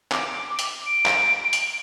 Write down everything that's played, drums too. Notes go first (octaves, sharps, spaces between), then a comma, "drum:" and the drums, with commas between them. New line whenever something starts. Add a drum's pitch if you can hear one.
D6, drum: clap
drum: hi-hat
D7
drum: clap
drum: hi-hat